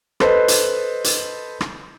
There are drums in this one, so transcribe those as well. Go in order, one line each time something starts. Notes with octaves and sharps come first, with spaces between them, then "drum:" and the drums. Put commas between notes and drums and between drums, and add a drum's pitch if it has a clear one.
A4 B4 C5 D#5, drum: rim click
drum: hi-hat
drum: hi-hat
drum: rim click